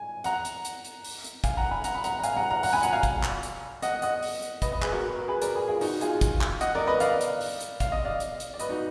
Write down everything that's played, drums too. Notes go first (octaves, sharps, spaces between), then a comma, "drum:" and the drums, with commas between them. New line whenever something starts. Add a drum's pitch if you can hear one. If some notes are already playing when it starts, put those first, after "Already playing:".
Already playing: G#5
F#5 A#5, drum: hi-hat
drum: hi-hat
drum: hi-hat
drum: hi-hat
drum: open hi-hat
drum: hi-hat
F5 G#5, drum: kick, hi-hat
F#5 A#5
G#5 B5
F#5 A#5, drum: hi-hat
B5
F#5 A#5, drum: hi-hat
A#5
F5 G#5, drum: hi-hat
F#5 A#5
F#5 A#5
F#5 A#5, drum: open hi-hat
G#5 B5
F#5 A#5, drum: hi-hat
F5 G#5
drum: kick, hi-hat
drum: clap
drum: hi-hat
D#5 F#5, drum: hi-hat
D#5 F#5, drum: hi-hat
drum: open hi-hat
drum: hi-hat
B4 D#5, drum: kick, hi-hat
B4 D#5
G#4 B4, drum: clap
F#4 A#4
B4
F#4 A#4
G#4 B4
A#4 D5, drum: hi-hat
G#4 B4
F4 G#4
D#4 F#4, drum: open hi-hat
F4 G#4, drum: hi-hat
drum: kick, hi-hat
drum: clap
D#5 F#5, drum: hi-hat
A#4 D5
B4 D#5
D5 F5, drum: hi-hat
drum: hi-hat
drum: open hi-hat
drum: hi-hat
F5, drum: kick, hi-hat
D#5
D5 F5
drum: hi-hat
drum: hi-hat
D5
B4 D#5, drum: hi-hat
D#4 F#4